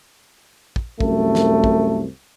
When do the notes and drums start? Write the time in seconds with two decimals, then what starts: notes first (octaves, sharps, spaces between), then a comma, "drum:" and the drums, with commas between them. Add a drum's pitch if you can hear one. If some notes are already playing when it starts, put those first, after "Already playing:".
0.76 drum: kick
1.00 C2 F#2 A3, drum: kick
1.35 drum: snare
1.64 drum: kick